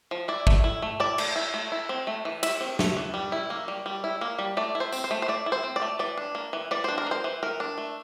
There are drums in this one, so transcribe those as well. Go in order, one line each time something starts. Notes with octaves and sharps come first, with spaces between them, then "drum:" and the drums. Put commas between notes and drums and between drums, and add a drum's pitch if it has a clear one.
F3
E4 D5
A3, drum: kick
E4
A3
E4 D5
A3, drum: cymbal
E4
A3
E4
C4
A3
E3
E4 E5, drum: cymbal
C4
A3, drum: snare
E3
G3
E4
A#3
G3
G3
E4
A#3
G3
A3 D5
E4
C5
C4, drum: tambourine
C5
A3
C5
A3 D5
E4
C5
C4
D5
A3
E3 D5
D4
A#3
E3
E3 D5
D4 C5
A#4
A#3 C5
E3
E3 A#4
D4
A3